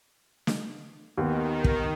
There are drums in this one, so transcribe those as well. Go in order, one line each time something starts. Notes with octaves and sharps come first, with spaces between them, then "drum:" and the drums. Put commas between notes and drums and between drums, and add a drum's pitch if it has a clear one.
drum: snare
D#2 D#3 B3
drum: kick